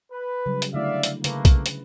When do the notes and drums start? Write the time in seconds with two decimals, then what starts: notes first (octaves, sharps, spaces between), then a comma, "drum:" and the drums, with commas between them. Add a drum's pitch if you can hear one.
0.12 B4
0.46 C#3 F#3 G3
0.62 drum: hi-hat
0.74 D3 A3 E4 D5 E5 F5
1.03 drum: hi-hat
1.24 C#3 A3 A#3 B4, drum: hi-hat
1.45 drum: kick B1, hi-hat
1.66 drum: hi-hat